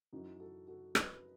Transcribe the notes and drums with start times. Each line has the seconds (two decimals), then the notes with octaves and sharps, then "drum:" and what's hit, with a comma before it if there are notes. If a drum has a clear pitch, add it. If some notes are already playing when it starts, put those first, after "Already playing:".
0.13 F#2 E3 D#4 F#4
0.40 F#4 A4
0.67 F#4 A4
0.95 B4 D#5, drum: rim click